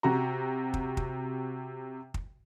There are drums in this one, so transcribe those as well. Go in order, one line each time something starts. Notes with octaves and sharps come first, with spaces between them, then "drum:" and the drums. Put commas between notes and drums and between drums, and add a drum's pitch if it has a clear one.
C3 F#4 A#5
drum: kick
drum: kick
drum: kick